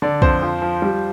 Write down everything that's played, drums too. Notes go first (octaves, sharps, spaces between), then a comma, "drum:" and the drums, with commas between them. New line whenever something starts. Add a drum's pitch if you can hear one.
D3 D5
F2 C5, drum: kick
F3
F3
G3